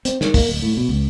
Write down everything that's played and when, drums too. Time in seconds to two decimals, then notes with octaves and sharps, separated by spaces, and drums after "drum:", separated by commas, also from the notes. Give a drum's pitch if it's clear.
0.05 C4, drum: hi-hat
0.21 D#3, drum: snare
0.34 A#3, drum: kick, open hi-hat
0.49 D1
0.62 A2
0.77 B2
0.89 C#2